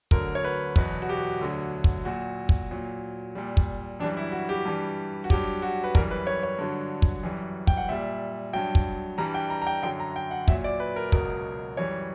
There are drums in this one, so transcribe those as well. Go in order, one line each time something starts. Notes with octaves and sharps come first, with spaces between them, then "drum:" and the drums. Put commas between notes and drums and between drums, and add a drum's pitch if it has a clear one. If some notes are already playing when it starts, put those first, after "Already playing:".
D2 D3 F#3 A#4, drum: kick
C#5
B4
E2 B2 F#3 B4, drum: kick
F#4
G4
D2 D3 F#3
drum: kick
A#2 F#3 F#4
drum: kick
A#2 F#3
A#2 G3
drum: kick
F#2 E3 G3 D4
E4
F#4
G4
G2 E3 G3
F#4
G2 F#3 G4, drum: kick
F#4
B4
F#2 E3 G3 A#4, drum: kick
B4
C#5
C#5
G2 D3 F#3
drum: kick
F#2 E3 G3
G5, drum: kick
F#5
A#2 G3 E5
G2 F#3 G5
drum: kick
G2 E3 G3 A#5
G5
A#5
A#5
G5
F#2 D3 F#3 G5
A#5
G5
F#5
A#2 F#3 E5, drum: kick
D5
B4
A#4
C#2 B2 F#3 A#4, drum: kick
F#2 E3 G3 C#5